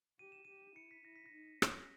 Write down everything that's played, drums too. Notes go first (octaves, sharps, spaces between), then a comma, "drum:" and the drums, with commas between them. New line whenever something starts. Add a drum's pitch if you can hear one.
G4 D#7
E7
G4 D#7
E4 C#7
B6
E4 A#6
B6
A#6
D#4
C#4 A#6, drum: rim click